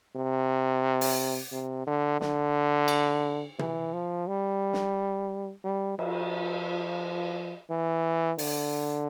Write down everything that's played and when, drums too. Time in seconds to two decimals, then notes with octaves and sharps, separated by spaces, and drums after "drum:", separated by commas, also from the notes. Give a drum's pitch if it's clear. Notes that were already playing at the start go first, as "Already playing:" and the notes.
0.16 C3
1.01 drum: open hi-hat
1.53 C3
1.87 D3
2.21 D3, drum: snare
2.88 drum: cymbal
3.59 E3, drum: tom
3.94 F3
4.28 G3
4.73 drum: snare
5.64 G3
5.99 F3, drum: cymbal
7.71 E3
8.38 D3, drum: open hi-hat